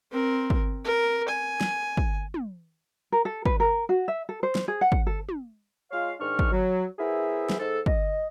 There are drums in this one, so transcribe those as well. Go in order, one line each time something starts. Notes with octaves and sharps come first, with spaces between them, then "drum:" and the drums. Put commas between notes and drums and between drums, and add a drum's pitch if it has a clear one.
C4 A#4
drum: kick
A#4
G#5
drum: snare
drum: kick
drum: tom
A#4
A4
B4, drum: kick
A#4
F#4
E5
A4
C5
drum: snare
G#4
F#5
drum: kick
A4
drum: tom
G#3 F4 C#5 F5
G#2 D#3 D4 C#6 F6
drum: kick
F#3
B3 E4 G#4 A#4 C5 E5
drum: snare
G#2 A4
D#5, drum: kick